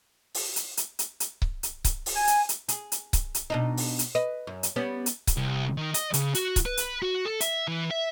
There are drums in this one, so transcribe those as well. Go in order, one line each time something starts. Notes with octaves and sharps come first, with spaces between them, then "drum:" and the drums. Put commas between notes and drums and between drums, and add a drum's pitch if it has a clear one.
drum: open hi-hat
drum: hi-hat
drum: hi-hat
drum: hi-hat
drum: hi-hat
drum: kick C#1
drum: hi-hat
drum: kick C#1, hi-hat
drum: open hi-hat
G#5
drum: hi-hat
drum: hi-hat
G#4, drum: hi-hat
drum: hi-hat
drum: kick C#1, hi-hat
drum: hi-hat
B2 D4 D#4
drum: open hi-hat
drum: hi-hat
B4 D#5
F#2
drum: hi-hat
G3 B3 C#4
drum: hi-hat
drum: kick C#1, hi-hat
C2
D#3
D#5, drum: hi-hat
C#3, drum: hi-hat
F#4, drum: hi-hat
drum: kick C#1, hi-hat
B4
drum: hi-hat
F#4
A4
E5, drum: hi-hat
E3
E5